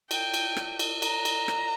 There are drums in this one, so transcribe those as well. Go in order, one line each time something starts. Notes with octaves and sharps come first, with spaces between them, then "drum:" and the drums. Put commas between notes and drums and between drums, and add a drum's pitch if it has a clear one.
G5, drum: cymbal
drum: cymbal
drum: rim click
drum: cymbal
A#5, drum: cymbal
drum: cymbal
drum: rim click